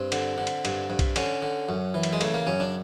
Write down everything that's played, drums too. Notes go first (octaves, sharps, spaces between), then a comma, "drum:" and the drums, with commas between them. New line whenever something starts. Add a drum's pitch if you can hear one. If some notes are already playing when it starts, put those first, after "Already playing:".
Already playing: G2 C4
D3, drum: cymbal
D3
drum: cymbal
G2, drum: cymbal
G2
drum: kick B1, cymbal
D3 C#4, drum: cymbal
D3
F#2
E3
drum: cymbal
G#3
C#3 A3, drum: cymbal
A#3
F#2 C#4
D4